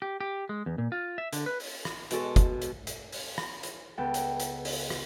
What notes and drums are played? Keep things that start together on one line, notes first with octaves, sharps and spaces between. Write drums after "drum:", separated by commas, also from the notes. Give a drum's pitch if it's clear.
G4
G4
G#3
E2
A#2
F4
E5
D3, drum: hi-hat
B4
drum: open hi-hat
drum: rim click
B2 G#3 F#4 A4, drum: hi-hat
drum: kick F#1, hi-hat
drum: hi-hat
drum: hi-hat
drum: open hi-hat
drum: rim click
drum: hi-hat
C#2 B3 A4 F#5 G5
drum: hi-hat
drum: hi-hat
drum: open hi-hat
drum: rim click